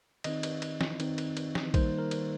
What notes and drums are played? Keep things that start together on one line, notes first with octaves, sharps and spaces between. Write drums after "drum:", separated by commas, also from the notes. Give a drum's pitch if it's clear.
D#3 C4 D#4 D#5, drum: cymbal
drum: cymbal
drum: cymbal
drum: snare
D#3 C4 D#4, drum: cymbal
drum: cymbal
drum: cymbal
drum: snare
D#3 G3 A#3 D#4 C5, drum: kick A#1, cymbal
A#4
drum: cymbal